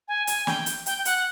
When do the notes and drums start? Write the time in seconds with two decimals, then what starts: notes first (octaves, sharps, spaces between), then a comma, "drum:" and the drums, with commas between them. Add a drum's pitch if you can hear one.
0.08 G#5
0.27 G#5, drum: hi-hat
0.47 G5, drum: snare
0.66 drum: hi-hat
0.86 G5, drum: hi-hat
0.98 G5
1.05 F#5, drum: hi-hat